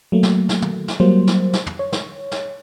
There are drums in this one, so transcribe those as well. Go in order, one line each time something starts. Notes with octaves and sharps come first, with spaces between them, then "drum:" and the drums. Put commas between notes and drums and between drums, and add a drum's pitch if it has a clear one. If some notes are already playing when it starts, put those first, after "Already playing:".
F#3 A3 A#3
drum: snare
drum: snare
drum: tom
drum: snare
F#3 G3 A#3 C5
drum: snare
drum: snare
drum: tom
C#5
drum: snare
drum: snare